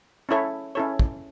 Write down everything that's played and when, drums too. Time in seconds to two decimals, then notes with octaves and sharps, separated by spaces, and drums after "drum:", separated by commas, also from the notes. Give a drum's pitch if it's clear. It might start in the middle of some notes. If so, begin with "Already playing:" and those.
0.29 C#4 E4 A4 C#5
0.75 C#4 E4 A4 C#5
0.99 drum: kick